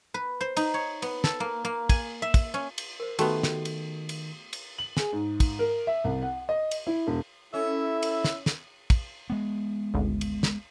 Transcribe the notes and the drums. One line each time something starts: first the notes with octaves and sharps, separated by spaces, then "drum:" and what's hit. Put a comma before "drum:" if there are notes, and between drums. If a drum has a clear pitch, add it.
B4
C5
D#4, drum: cymbal
C#5
B3, drum: cymbal
A4, drum: snare
A#3
A#3
G#5, drum: kick, cymbal
E5
drum: kick, cymbal
C#4
drum: cymbal
A#4 C5
D#3 A3 B3 F#4 G4 G5, drum: cymbal
drum: snare
drum: cymbal
drum: cymbal
drum: cymbal
F#7
G#4, drum: snare
G#2
drum: kick, cymbal
A#4
E5
C2
F#5
D#5
drum: cymbal
E4
E1
C#4 E4 A4 E5
drum: cymbal
drum: snare
drum: snare
drum: kick, cymbal
G#3 B3
G#1 D2
drum: cymbal
drum: snare